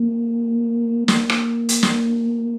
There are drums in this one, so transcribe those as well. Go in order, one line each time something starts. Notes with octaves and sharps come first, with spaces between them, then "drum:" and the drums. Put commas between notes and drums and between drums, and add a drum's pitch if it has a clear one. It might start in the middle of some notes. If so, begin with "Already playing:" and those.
Already playing: A#3
A#3, drum: snare
drum: rim click
drum: hi-hat
drum: snare